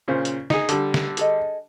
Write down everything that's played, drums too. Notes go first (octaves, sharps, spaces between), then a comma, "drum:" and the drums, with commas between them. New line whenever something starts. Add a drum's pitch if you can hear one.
A#2 C#3 C5
drum: hi-hat
D#4 G#4, drum: snare
D3 G3, drum: hi-hat
drum: snare
G#4 A4 D#5, drum: hi-hat